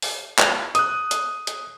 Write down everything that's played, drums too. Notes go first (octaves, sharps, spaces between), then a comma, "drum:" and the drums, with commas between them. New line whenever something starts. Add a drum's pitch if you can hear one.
drum: open hi-hat
drum: clap
D#6 F#6, drum: hi-hat
drum: hi-hat
drum: hi-hat